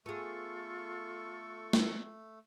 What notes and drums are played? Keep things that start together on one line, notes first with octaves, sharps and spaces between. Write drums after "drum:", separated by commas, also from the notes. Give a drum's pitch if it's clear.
A3 B3 F4 G#4 A4 C#6
drum: snare